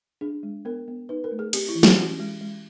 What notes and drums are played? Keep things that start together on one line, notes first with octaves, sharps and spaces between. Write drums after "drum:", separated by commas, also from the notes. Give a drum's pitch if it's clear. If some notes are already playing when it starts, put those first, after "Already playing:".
D4 G#4
G#3
B3 A#4
B3
D#4 B4
A#4
A3
G#4
C4 G4, drum: cymbal
E4
E3
G4, drum: snare
C#4 F#4
G#3
G#3